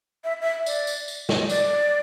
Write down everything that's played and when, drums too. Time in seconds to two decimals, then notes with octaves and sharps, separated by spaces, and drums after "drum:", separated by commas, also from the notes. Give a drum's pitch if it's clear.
0.24 E5
0.42 E5
0.66 D5, drum: tambourine
0.87 drum: tambourine
1.08 drum: tambourine
1.29 drum: snare
1.49 D5, drum: tambourine